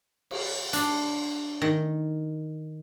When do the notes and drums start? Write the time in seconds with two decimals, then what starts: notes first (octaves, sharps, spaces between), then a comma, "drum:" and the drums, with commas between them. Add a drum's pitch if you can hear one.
0.31 drum: cymbal
0.73 D4, drum: hi-hat
1.62 D#3